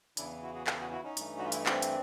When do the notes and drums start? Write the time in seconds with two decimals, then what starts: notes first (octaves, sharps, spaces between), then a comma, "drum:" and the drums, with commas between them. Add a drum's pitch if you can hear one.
0.17 E2 C#3 E3 D4 E4, drum: hi-hat
0.42 E4 F#4
0.54 F#4 G#4
0.67 G4 A4, drum: clap
0.79 F#4 G#4
0.91 E4 F#4
1.04 C#4 D#4
1.17 G2 E3 A3, drum: hi-hat
1.38 F#4
1.45 F4
1.52 E4, drum: hi-hat
1.59 D#4
1.66 C4 D4, drum: clap
1.82 drum: hi-hat